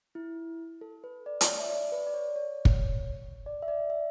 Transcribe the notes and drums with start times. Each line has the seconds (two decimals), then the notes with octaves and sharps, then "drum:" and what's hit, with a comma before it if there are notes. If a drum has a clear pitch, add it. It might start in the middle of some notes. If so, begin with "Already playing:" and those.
0.15 E4
0.81 A4
1.04 B4
1.26 D5
1.41 C#5, drum: hi-hat
1.48 D5
1.60 E5
1.69 D5
1.92 B4
2.07 D5
2.14 C#5
2.36 C#5
2.65 drum: kick
3.46 D5
3.62 E5
3.68 D5
3.90 E5